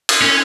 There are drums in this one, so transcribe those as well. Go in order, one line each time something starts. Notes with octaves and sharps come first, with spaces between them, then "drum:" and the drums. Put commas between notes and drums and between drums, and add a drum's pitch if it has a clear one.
drum: cymbal
C#4